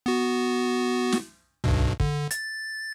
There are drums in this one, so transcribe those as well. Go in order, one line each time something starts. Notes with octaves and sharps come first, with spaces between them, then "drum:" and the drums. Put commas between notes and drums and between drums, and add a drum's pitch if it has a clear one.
B3 F#4
drum: snare
B1 G2 B2, drum: tom C#2
D3, drum: kick
A6, drum: hi-hat